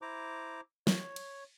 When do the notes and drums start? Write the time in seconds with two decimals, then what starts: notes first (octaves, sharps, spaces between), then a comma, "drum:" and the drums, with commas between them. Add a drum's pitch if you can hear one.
0.02 E4 C5 A#5 D6
0.87 C#5, drum: snare
1.16 drum: cymbal